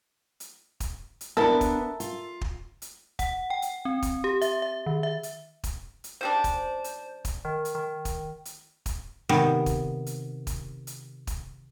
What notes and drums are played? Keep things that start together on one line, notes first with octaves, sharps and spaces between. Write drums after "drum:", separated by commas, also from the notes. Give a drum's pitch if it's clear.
drum: hi-hat
drum: kick, hi-hat
drum: hi-hat
B3 D4 E4 A4 A#4 A#5
drum: kick, hi-hat
F4, drum: hi-hat
drum: kick
drum: hi-hat
F#5, drum: kick, hi-hat
G5
drum: hi-hat
C4
drum: kick, hi-hat
G4
E5, drum: hi-hat
E5
D#3
E5
drum: hi-hat
drum: kick, hi-hat
drum: hi-hat
C#3 G3 D4 C5
drum: kick, hi-hat
drum: hi-hat
drum: kick, hi-hat
D#3
drum: hi-hat
D#3
drum: kick, hi-hat
drum: hi-hat
drum: kick, hi-hat
C3 D#3 B3
drum: kick, hi-hat
drum: hi-hat
drum: kick, hi-hat
drum: hi-hat
drum: kick, hi-hat